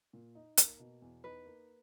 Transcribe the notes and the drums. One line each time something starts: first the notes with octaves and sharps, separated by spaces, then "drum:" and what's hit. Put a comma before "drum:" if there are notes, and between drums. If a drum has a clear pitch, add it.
A#2
D#4
A#3, drum: hi-hat
B2
E2
D#4 B4
A#3